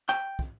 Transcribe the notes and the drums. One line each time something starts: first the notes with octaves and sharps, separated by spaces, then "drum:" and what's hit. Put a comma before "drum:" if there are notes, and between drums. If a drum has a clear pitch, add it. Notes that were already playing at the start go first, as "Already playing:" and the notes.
G5, drum: clap
drum: kick